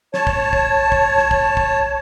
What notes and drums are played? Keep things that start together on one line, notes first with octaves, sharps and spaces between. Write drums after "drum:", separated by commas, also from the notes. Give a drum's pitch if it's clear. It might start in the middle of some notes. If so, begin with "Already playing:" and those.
C#5 A5, drum: snare
drum: kick
drum: kick
drum: kick
drum: snare
drum: kick
drum: kick